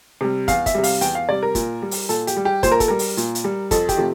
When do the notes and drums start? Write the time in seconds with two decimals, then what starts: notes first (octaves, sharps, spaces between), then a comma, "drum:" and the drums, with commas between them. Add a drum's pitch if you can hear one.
0.21 C3 G3
0.48 E2 F5, drum: kick, hi-hat
0.66 E5, drum: kick, hi-hat
0.74 C3 G3
0.84 F5, drum: open hi-hat
1.01 E2 G5, drum: hi-hat
1.15 F5
1.29 C3 G3 D5
1.42 A#4
1.55 A#2, drum: kick, hi-hat
1.82 G3
1.91 drum: open hi-hat
2.09 A#2 A4, drum: hi-hat
2.27 G4, drum: hi-hat
2.37 G3
2.45 G4
2.63 A#2 C5, drum: kick, hi-hat
2.71 A#4
2.80 A4, drum: kick, hi-hat
2.88 G3 A#4
2.99 drum: open hi-hat
3.17 A#2, drum: hi-hat
3.35 drum: hi-hat
3.44 G3
3.71 F2 A4, drum: kick, hi-hat
3.89 G4, drum: kick, hi-hat
3.97 C3 F3 A3